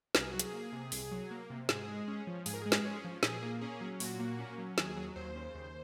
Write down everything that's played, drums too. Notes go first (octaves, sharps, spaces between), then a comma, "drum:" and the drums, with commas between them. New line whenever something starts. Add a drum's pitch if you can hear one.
C2 A#4, drum: snare
G#4
F#3 F#4
G#4, drum: hi-hat
A#3
C3
C2, drum: open hi-hat
F#3
A#3
C3
G#2 G#4, drum: snare
G#3
C#4
F3
G#2 G#4, drum: open hi-hat
A#4
G#3 G#4
drum: snare
C#4
F3
A#2 G#4, drum: snare
A#3
C#4 G#4
F#3
A#2 F#4, drum: open hi-hat
A#3
C#4
F#3
D#2 G#4, drum: snare
F#3
D#2 C5
C#3
D#2